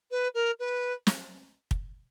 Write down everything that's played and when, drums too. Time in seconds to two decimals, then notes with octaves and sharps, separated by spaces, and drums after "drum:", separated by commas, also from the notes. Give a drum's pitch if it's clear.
0.11 B4
0.34 A#4
0.59 B4
1.07 drum: snare
1.71 drum: kick